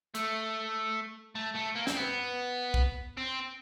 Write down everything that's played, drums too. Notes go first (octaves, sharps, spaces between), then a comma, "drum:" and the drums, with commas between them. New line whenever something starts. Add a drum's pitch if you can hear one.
A3, drum: hi-hat
A3
A3
A#3
C4, drum: snare
B3
drum: kick
C4